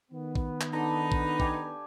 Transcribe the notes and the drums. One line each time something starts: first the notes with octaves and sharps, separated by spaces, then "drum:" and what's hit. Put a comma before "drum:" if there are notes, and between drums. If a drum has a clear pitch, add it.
D#3 B3
drum: kick A#1
drum: clap
D3 D#4 B4
drum: kick A#1
G4 G#5, drum: kick A#1